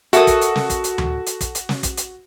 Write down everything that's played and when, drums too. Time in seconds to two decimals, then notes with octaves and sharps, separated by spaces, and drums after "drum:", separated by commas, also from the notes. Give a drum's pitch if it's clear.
0.13 F#4 A4 A#4 E5 D#6, drum: hi-hat
0.27 drum: kick, hi-hat
0.41 drum: hi-hat
0.56 drum: snare
0.70 drum: kick, hi-hat
0.84 drum: hi-hat
0.98 drum: tom D2
1.26 drum: hi-hat
1.41 drum: kick, hi-hat
1.55 drum: hi-hat
1.69 drum: snare
1.83 drum: kick, hi-hat
1.97 drum: hi-hat